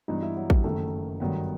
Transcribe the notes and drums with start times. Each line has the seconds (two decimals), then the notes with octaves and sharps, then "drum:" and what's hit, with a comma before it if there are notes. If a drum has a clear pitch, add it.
0.08 G2 E3 B3 D#4
0.22 E4
0.36 F#3 F#4
0.50 G3 G4, drum: kick A1
0.64 F#1 F#2 D#3 A3 A4
1.20 G1 G2 D#3 F#3 B3